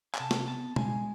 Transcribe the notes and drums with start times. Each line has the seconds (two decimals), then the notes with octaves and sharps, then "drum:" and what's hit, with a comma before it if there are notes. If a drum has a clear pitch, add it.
0.14 G#5, drum: clap
0.20 C3 A5
0.31 drum: snare
0.47 B3 A5
0.76 G#3 G#5, drum: tom B2